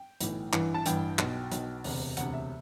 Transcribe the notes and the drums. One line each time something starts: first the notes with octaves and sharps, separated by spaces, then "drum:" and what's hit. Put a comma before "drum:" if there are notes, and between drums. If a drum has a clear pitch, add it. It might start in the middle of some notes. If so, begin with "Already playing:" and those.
Already playing: G5
B1 A2 E3, drum: hi-hat
A1 G2 E3, drum: clap
A5
A1 G2 E3 G5, drum: hi-hat
B1 B2, drum: clap
B1 B2, drum: hi-hat
E1 D2 C3, drum: open hi-hat
E1 D2 C3 F#5, drum: hi-hat
E5